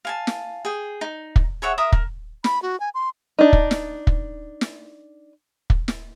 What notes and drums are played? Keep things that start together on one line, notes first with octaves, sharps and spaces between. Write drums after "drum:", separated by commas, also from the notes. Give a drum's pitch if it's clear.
F5 G#5 A5
drum: snare
G#4 G5
D#4
drum: kick
G#4 C#5 E5 F#5
A#4 E5 D#6
A#4, drum: kick
B5, drum: snare
F#4
G#5
C6
D4 D#4
drum: kick
drum: snare
drum: kick
drum: snare
drum: kick
drum: snare